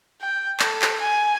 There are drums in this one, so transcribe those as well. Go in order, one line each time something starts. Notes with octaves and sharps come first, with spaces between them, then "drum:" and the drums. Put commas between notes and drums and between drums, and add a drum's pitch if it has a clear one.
G5
A4, drum: clap
drum: clap
G#5